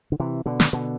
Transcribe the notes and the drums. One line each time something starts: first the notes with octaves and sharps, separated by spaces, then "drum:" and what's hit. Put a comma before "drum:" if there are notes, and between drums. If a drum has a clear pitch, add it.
D3
C3 E3
B2 D3
drum: snare
B2 D3